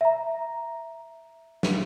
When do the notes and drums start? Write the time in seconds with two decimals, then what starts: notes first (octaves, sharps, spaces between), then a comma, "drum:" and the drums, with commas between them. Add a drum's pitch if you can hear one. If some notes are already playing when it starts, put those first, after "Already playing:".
0.01 E5 A#5
1.63 drum: snare